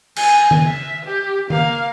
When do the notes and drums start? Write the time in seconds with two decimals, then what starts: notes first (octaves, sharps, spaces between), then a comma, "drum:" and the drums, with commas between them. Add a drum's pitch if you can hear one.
0.16 G#5, drum: cymbal
0.51 drum: tom D#3
0.66 E5
1.05 G4
1.50 A#3 F5, drum: tom D#3